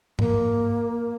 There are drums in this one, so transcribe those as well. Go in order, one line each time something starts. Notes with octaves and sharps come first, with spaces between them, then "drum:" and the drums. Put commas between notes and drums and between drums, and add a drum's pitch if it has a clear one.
A#3, drum: tom G#2